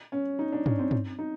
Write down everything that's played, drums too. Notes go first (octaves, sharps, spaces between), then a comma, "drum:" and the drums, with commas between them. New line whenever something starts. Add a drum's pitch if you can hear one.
C#4
D#4
D4
C#4, drum: tom
C4
drum: tom
D#4